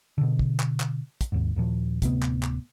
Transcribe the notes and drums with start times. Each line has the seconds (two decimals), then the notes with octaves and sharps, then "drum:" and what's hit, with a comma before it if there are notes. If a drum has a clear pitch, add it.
0.18 B2 D3
0.39 drum: kick
0.60 drum: clap
0.80 drum: clap
1.21 drum: kick, hi-hat
1.32 G#1 D#2 G#2
1.56 D#2 A#2 F3
2.02 D1 C3 A3 B3, drum: kick, hi-hat
2.22 drum: clap
2.43 drum: clap